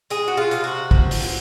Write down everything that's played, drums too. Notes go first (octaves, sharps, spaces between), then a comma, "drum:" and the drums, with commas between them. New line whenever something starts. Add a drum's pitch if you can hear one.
G#3 G#4, drum: hi-hat
F#4
F4
C3, drum: hi-hat
F#4
F3, drum: kick
drum: open hi-hat